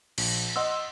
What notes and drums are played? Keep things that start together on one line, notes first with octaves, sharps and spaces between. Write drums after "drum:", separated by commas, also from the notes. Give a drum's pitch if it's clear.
A#1, drum: cymbal
D#5 F#5 C6 E6